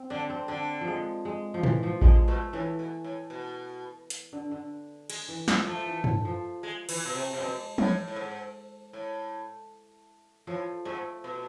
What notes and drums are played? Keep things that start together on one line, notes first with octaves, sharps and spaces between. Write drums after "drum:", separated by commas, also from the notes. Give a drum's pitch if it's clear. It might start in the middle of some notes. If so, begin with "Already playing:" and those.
Already playing: C4
D3 D4
C4
D3 D4
F3
G#3
G#3
F3
E3, drum: tom
F3
D3 G#3, drum: kick A1
B2 A3
A2 E3
B2
A2
B2
drum: hi-hat
D3
D3
G#3, drum: cymbal
E3
F3 G#3, drum: snare
F3 A3
E3
drum: tom
F3
G#3
E3, drum: cymbal
B2
C3
C3
B2 G#3
A2, drum: tom
A2
G#2
A2
A2 F3
G#2 A3
B2